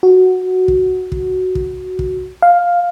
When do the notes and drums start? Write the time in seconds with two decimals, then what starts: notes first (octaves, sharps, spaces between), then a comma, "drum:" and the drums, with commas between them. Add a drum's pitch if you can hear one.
0.03 F#4
0.68 drum: kick
1.12 drum: kick
1.55 drum: kick
1.99 drum: kick
2.42 F5